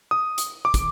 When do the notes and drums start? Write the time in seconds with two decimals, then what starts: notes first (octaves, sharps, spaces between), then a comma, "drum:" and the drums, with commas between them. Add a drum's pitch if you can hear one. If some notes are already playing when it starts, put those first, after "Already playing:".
0.11 D#6
0.38 drum: hi-hat
0.65 D6
0.74 drum: kick, hi-hat